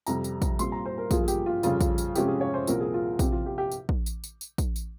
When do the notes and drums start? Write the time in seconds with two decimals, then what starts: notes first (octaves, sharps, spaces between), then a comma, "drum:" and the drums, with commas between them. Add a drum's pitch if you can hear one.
0.06 F2 C3 G3 A#5, drum: tambourine
0.24 drum: tambourine
0.42 drum: kick, tambourine
0.59 A#2 G3 C4 C6, drum: tambourine
0.72 A#5
0.85 C5
0.98 A#4
1.11 G2 F3 A#3 F4 G#4, drum: kick, tambourine
1.24 G#4
1.28 G4, drum: tambourine
1.46 F4
1.63 F2 C#3 G3 F4, drum: tambourine
1.81 drum: kick, tambourine
1.98 drum: tambourine
2.15 C3 F3 G#3 C#4 F4 G4, drum: tambourine
2.28 G#4
2.41 C#5
2.54 C5
2.67 C2 A#2 F3 C4 F4 A#4, drum: tambourine
2.80 G#4
2.94 F4
3.19 C3 F3 C4 G4, drum: kick, tambourine
3.32 F4
3.46 G4
3.58 G4
3.72 drum: tambourine
3.89 drum: kick
4.06 drum: tambourine
4.24 drum: tambourine
4.41 drum: tambourine
4.58 drum: kick, tambourine
4.76 drum: tambourine